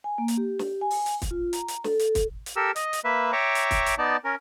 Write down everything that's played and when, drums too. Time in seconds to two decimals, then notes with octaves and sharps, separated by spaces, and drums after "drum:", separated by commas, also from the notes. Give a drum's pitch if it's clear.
0.04 G#5
0.18 A#3
0.28 drum: hi-hat
0.37 G4
0.59 drum: snare
0.81 G#5
0.90 drum: open hi-hat
1.06 drum: hi-hat
1.22 drum: kick, hi-hat
1.31 F4
1.53 A#5, drum: hi-hat
1.68 drum: hi-hat
1.84 A4, drum: snare
1.99 drum: hi-hat
2.15 drum: kick, hi-hat
2.46 drum: hi-hat
2.56 G4 A4 A#4 E6
2.76 D#5, drum: hi-hat
2.93 drum: hi-hat
3.04 A#3 B4 E5
3.32 C#5 E5 G5 A#5 C#6 D6
3.55 drum: hi-hat
3.71 drum: kick, hi-hat
3.86 drum: hi-hat
3.98 B3 D#4 D5 A5
4.24 C#4 A#4